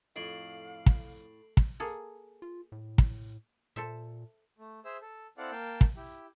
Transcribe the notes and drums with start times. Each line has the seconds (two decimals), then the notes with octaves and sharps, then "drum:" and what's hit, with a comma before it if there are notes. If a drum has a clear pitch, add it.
0.16 F2 A2 F5 C7 D7 F#7
0.86 drum: kick
1.57 drum: kick
1.80 A#3 G#4 A4
2.42 F4
2.72 A2
2.98 drum: kick
3.76 A#2 A4 C5 E5
4.58 A3
4.85 G#4 C5 E5 E6
5.02 A4
5.38 C4 E4 A4 D5 F5 F#5
5.51 A#3 F5 G5 A5
5.81 drum: kick
5.96 E4 G4